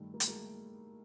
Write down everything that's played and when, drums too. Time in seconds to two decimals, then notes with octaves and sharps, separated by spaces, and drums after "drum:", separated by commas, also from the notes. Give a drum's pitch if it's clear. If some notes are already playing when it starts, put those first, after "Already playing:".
Already playing: G2 D#3 G3 A3
0.14 A#3
0.20 A3, drum: hi-hat
0.27 G#3 A#3